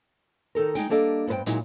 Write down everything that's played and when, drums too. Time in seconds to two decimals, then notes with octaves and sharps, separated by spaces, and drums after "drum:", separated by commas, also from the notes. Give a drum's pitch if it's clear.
0.55 D#3 D#4 A4 A#4
0.75 G#3 D#4 G5, drum: open hi-hat
0.89 G3 A#3 D4 A4 D#5
1.27 G2 B3 F4 B4 C5 G5
1.46 A#2 F#3 G#3 D#4 E4, drum: hi-hat